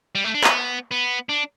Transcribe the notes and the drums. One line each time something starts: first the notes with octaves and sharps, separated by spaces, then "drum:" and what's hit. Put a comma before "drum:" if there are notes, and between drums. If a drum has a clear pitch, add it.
G3
A3
D4
B3, drum: clap
B3
D4